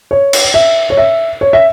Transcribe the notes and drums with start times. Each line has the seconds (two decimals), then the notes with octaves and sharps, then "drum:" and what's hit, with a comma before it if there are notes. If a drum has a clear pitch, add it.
0.11 C#5
0.33 drum: cymbal
0.54 E5
0.90 C#5
0.97 E5
1.41 C#5
1.53 E5